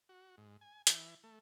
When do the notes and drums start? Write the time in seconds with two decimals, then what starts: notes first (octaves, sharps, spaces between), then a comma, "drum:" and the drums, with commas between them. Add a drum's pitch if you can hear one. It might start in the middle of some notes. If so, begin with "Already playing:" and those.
0.09 F#4
0.38 G#2
0.61 G#5
0.87 E3, drum: hi-hat
1.24 A3